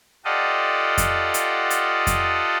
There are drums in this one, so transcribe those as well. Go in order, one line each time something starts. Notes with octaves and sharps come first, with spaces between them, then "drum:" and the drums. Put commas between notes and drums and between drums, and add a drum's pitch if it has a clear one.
F4 G4 A4 D5 D#5 F#5
drum: kick F2, hi-hat
drum: hi-hat
drum: hi-hat
drum: kick F2, hi-hat